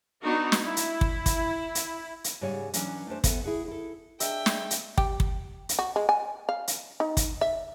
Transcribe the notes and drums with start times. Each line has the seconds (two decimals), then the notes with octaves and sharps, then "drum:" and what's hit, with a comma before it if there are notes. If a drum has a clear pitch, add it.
0.21 B3 D4 D#4 F#4
0.52 drum: snare
0.63 E4
0.77 drum: hi-hat
1.01 drum: kick
1.26 drum: kick, hi-hat
1.75 drum: hi-hat
2.24 drum: hi-hat
2.41 G#2 C#3 G3 C#5 G#5
2.73 E3 F#3 C#4 D4, drum: hi-hat
3.07 A3 C#4 D4 C5
3.24 B3 A4 C5 E5 G#5, drum: kick, hi-hat
3.44 E4 G#4 F#5
3.68 E4 A4
4.20 G#3 D4 E5 G5, drum: hi-hat
4.46 drum: snare
4.71 drum: hi-hat
4.98 G4, drum: kick
5.20 drum: kick
5.69 drum: hi-hat
5.79 F#4
5.96 G#3
6.09 G#5
6.49 F5
6.68 drum: hi-hat
7.00 D#4
7.17 drum: kick, hi-hat
7.41 E5